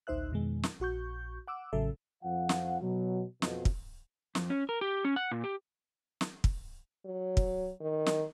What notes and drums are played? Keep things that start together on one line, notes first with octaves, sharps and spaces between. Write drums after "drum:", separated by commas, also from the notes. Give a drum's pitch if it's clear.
A1 D2 D#4 C5 E5 F#6
F2 B2 D#3 G#3
drum: snare
A#1 F#4 C#6 G6
F#5 D6 E6
A1 C#3 F#3 A4 E5
F2 F3 F5 F#5
drum: snare
B2 F#3
F2 B2, drum: snare
drum: kick
F2, drum: snare
C#4
A#4
G4
C#4
F#5
A#2
G4
drum: snare
drum: kick
F#3
drum: kick
D#3
drum: snare